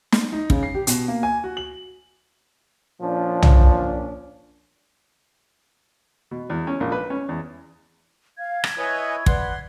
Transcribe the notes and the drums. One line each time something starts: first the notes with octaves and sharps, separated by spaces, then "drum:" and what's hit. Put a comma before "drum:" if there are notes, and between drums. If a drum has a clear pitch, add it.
drum: snare
D#4
C#3, drum: kick
C7
G4
B2, drum: hi-hat
A#3
G#5
F#4
F#7
A#2 F3 C#4 D4
drum: tom
B2
E2
C#4
A#1
B4
C#4
E2
F5 G#6
drum: rim click
E4 B4 C#5 D#5 G#5
B4 D5 F#5 C6, drum: kick